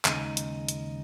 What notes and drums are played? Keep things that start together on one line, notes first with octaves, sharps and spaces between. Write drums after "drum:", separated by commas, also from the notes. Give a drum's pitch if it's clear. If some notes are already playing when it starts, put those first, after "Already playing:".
D#2 C#3 G#3 D#4, drum: clap
drum: hi-hat
drum: hi-hat